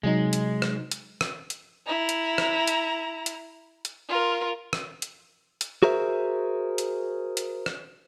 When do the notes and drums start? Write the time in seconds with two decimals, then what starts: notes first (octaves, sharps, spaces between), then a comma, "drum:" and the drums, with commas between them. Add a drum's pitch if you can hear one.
0.03 C3 F#3 G#3 D#4
0.33 drum: hi-hat
0.62 drum: rim click
0.91 drum: hi-hat
1.21 drum: rim click
1.50 drum: hi-hat
1.87 E4 A#5
2.09 drum: hi-hat
2.38 drum: rim click
2.67 drum: hi-hat
3.26 drum: hi-hat
3.85 drum: hi-hat
4.08 F4 A#4
4.73 drum: rim click
5.02 drum: hi-hat
5.61 drum: hi-hat
5.83 F#4 G#4 A#4 C5 E5
6.78 drum: hi-hat
7.37 drum: hi-hat
7.66 drum: rim click